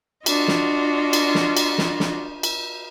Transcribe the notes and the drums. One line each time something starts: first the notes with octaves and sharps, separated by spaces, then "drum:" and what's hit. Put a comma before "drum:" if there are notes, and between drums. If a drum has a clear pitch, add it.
D4 F4 F#4 D#5, drum: cymbal
drum: snare
drum: cymbal
drum: snare
drum: cymbal
drum: snare
drum: snare
drum: cymbal